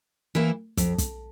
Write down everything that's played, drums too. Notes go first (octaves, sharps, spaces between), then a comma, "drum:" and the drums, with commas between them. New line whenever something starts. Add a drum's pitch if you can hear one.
E3 A#3 E4
F2, drum: kick, hi-hat
drum: kick, hi-hat